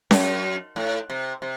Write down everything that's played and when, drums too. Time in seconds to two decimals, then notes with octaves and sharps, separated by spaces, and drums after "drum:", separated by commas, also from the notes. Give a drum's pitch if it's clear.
0.11 F#2, drum: snare C#4
0.76 A2
1.10 C3
1.42 C3